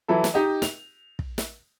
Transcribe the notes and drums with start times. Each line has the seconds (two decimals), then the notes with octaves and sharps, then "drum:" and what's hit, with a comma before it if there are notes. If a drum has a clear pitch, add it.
0.08 E3 F#3 E4 A4
0.24 drum: snare
0.34 D#4 G4 D#5
0.62 F7, drum: snare
1.19 drum: kick
1.38 drum: snare